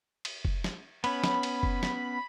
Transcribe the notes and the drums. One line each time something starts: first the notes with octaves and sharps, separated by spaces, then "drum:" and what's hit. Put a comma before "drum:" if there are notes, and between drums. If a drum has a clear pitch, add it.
drum: cymbal
drum: kick F1
drum: snare
B3 C#4 B5, drum: cymbal
drum: snare
drum: cymbal
drum: kick F1
drum: snare